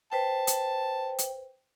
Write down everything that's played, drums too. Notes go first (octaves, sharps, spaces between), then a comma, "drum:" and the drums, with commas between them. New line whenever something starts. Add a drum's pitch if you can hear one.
B4 C5 G5 A5
drum: hi-hat
drum: hi-hat